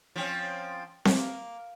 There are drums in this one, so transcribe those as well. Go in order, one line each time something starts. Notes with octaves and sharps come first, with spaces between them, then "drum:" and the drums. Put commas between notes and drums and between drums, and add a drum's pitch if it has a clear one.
F3 C4 C#4
A#3, drum: snare C4